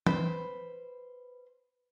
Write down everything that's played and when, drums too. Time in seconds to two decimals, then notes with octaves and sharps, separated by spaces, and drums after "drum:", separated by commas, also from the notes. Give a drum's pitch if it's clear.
0.07 B4 C5 B5, drum: tom E3